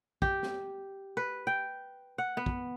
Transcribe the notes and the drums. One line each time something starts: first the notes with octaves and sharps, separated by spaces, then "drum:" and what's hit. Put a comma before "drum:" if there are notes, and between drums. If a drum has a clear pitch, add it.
G4, drum: kick
drum: snare
B4
G5
F#5
B3
drum: kick